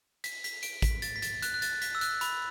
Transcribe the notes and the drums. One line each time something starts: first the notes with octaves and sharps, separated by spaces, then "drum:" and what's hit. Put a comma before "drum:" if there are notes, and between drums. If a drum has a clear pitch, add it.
B6, drum: hi-hat
B6, drum: hi-hat
D7, drum: hi-hat
B6, drum: kick A1, hi-hat
A6, drum: hi-hat
B6
A6, drum: hi-hat
F#6, drum: hi-hat
F#6
A6, drum: hi-hat
B6, drum: hi-hat
E6
F#6, drum: hi-hat
B5, drum: hi-hat